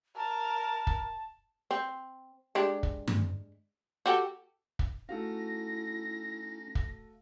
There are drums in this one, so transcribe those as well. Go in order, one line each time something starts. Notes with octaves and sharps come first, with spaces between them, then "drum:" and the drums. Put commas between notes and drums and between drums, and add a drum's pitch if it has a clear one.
A#4 A5
drum: kick
C4
G#3 D4 G4
drum: kick
drum: tom G2
F#4 G4 A4
drum: kick
A3 C#4 D#4 E4 F#4 F5 A#6
drum: kick